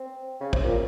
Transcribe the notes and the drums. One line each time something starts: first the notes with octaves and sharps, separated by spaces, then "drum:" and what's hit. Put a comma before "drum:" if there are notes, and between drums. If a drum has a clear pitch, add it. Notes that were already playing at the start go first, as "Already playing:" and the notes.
Already playing: C4
C#3
C3, drum: kick
A#2